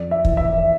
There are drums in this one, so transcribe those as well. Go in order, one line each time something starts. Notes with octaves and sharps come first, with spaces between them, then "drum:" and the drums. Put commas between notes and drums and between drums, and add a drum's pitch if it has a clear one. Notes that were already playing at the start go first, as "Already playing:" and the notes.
Already playing: F2 D5
E5
E3, drum: kick
E5